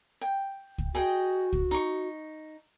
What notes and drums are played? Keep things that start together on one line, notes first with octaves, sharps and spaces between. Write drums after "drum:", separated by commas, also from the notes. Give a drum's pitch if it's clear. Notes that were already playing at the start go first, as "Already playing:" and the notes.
G5
drum: kick
F#4 G#4 D#5 G5
drum: kick
D#4 C#6